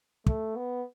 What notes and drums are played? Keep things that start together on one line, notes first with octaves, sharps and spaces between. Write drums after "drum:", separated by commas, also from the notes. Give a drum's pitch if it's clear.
A3, drum: kick
B3